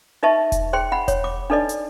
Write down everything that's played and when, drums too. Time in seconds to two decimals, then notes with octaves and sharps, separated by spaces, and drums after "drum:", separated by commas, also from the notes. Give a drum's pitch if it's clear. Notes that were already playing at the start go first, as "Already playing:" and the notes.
0.23 D#4 B4 D#5 E5 A5 C#6
0.52 drum: kick E1, hi-hat
0.73 G#4 C5 G5 C6
0.92 F#5 B5
1.08 C#5, drum: kick E1, hi-hat
1.24 D6
1.50 D4 D#4 A4 B4 D5 D#5
1.69 drum: hi-hat